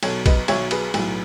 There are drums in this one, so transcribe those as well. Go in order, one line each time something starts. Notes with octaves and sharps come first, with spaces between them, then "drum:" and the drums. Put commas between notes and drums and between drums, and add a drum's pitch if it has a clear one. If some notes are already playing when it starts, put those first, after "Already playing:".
B1 B2 F#3 A4 C#5, drum: cymbal
B4 D#5, drum: kick A#1, cymbal
B1 B2 F#3 C#5 E5, drum: cymbal
G#4 B4, drum: cymbal
B1 A2 F#3, drum: cymbal